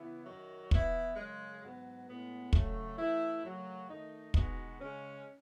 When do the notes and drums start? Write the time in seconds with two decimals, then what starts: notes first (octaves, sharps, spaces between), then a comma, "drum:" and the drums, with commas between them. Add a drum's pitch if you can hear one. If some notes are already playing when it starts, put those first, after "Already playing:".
Already playing: C#3 E3 B3 E4
0.26 F#2 D#3 F#3
0.71 E3 B3 E4, drum: kick
1.16 F#2 C#3 G#3
1.62 G#2 F#3 B3
2.08 A2 G#3 B3
2.53 C#3 F#3 A3, drum: kick
2.98 E3 A3 E4
3.43 F#2 C#3 F#3 A3
3.90 D#3 A3 D#4
4.34 B2 G#3 B3 D#4 F#4, drum: kick
4.80 C#3 G#3 C#4